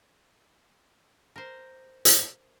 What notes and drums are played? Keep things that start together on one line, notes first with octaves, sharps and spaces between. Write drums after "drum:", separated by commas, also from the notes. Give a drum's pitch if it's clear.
A#4 C5
drum: hi-hat